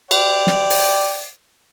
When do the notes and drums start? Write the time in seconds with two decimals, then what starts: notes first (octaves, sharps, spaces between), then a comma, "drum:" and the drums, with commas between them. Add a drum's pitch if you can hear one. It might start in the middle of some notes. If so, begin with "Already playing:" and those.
0.11 D5 G5, drum: cymbal
0.47 drum: snare
0.70 drum: open hi-hat